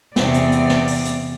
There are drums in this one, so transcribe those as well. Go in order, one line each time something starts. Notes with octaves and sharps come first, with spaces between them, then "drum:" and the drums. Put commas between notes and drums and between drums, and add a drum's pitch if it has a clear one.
E2 C3 D5, drum: snare
drum: hi-hat
drum: hi-hat
drum: snare
drum: open hi-hat
drum: hi-hat